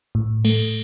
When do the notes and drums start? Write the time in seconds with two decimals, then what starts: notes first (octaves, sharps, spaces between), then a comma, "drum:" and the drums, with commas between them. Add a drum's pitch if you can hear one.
0.15 A2
0.45 A3, drum: cymbal